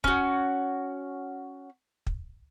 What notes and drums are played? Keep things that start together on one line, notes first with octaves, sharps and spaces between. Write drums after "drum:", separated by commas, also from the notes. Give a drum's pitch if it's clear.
C#4 F#4, drum: kick
drum: kick